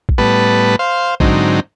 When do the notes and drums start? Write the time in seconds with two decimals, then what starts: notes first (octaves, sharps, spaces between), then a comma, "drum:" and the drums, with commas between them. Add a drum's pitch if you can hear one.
0.09 drum: kick A#1
0.18 A2 G3 B3 B4 A5
0.79 C5 F5
1.20 G#2 D3 F#3 C4 D#4, drum: kick A#1